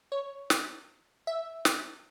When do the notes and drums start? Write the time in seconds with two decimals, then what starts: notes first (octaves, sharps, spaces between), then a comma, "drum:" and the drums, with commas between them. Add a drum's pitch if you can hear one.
0.12 C#5
0.50 drum: snare
1.27 E5
1.65 drum: snare